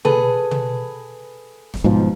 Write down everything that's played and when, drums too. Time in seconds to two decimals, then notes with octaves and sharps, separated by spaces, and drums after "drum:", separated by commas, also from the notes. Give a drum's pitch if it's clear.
0.05 G#4 A4 B4, drum: tom
0.51 drum: tom
1.74 drum: snare
1.84 G#2 B2 F3